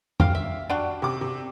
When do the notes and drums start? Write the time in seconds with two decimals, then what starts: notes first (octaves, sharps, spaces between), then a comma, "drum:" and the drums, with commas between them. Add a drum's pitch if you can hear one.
0.20 G4 F5, drum: tom
0.35 E5
0.70 D4 F#4 G4
1.02 C3 D6
1.21 C3